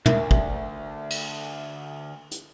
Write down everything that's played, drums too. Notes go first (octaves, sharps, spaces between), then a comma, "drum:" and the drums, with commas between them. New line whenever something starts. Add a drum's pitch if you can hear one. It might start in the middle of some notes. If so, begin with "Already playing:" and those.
D2 A#4 E5, drum: tom
drum: kick
drum: cymbal
drum: hi-hat